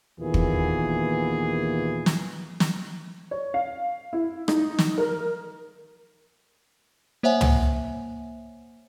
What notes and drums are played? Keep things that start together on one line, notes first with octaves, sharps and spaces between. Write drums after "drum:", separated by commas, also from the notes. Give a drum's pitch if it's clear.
D#2 A#2 E3 B3 G#4
drum: kick
drum: snare
drum: snare
C#5
F5
E4
D#4, drum: rim click
drum: snare
A#4
A#3 C5 C#5 E5 F#5 G#5
drum: tom